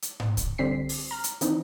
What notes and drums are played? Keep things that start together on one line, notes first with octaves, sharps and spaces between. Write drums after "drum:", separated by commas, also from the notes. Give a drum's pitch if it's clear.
drum: hi-hat
drum: tom G#2
drum: kick C2, hi-hat
D3 G3 C4 B6 C7
drum: open hi-hat
A#5 F6
drum: hi-hat
D#3 E3 C4 D4 D#4, drum: hi-hat